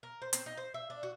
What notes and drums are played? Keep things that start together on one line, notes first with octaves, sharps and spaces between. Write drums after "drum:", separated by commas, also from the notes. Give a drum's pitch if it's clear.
A#4
C5
C4, drum: hi-hat
D#4
C5
E5
D4
F#4